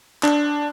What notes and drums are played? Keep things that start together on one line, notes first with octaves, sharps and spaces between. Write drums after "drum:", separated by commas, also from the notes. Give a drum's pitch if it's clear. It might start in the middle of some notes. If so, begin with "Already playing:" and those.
D4, drum: clap